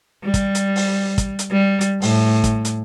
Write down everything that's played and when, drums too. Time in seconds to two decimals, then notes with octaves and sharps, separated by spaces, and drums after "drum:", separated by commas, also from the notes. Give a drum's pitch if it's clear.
0.25 G3
0.34 drum: kick, hi-hat
0.55 drum: hi-hat
0.76 drum: open hi-hat
1.18 drum: kick, hi-hat
1.39 drum: hi-hat
1.52 G3
1.81 drum: hi-hat
2.02 A2, drum: open hi-hat
2.44 drum: kick, hi-hat
2.65 drum: hi-hat